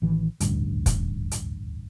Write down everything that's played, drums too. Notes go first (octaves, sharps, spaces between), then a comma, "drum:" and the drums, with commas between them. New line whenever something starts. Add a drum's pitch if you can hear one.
A1 D#3 E3
D#1 A1 D2 G2, drum: hi-hat
drum: kick, hi-hat
drum: hi-hat